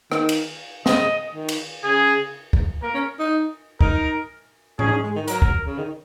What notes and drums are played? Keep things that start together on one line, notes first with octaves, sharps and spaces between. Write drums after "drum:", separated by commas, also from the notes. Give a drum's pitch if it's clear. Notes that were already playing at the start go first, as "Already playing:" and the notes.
D#3, drum: rim click
drum: cymbal
C#3 D#5, drum: snare
D#3
drum: cymbal
C#3 G#4
drum: kick
A#3 A#4
C#4
D#4
D#4 A#4, drum: kick
C#4 G#4, drum: tom G#2
D#4
C#4
G#3
D#3
F#3 A#4, drum: hi-hat
drum: kick
C#3
D#3